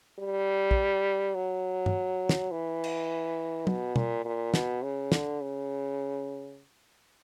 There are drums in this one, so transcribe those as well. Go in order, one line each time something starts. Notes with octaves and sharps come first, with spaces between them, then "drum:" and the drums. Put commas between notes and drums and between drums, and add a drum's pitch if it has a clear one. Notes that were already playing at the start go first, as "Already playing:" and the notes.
G3
drum: kick
F#3
drum: tom
drum: snare
E3
drum: cymbal
B2, drum: tom
A#2, drum: tom B2
A#2
B2, drum: snare
C#3
D3, drum: snare
C#3